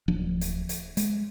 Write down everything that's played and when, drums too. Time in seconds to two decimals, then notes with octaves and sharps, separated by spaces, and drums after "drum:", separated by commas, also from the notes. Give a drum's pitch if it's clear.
0.08 D1 F3 D4
0.41 drum: hi-hat
0.69 drum: hi-hat
0.97 G#3, drum: hi-hat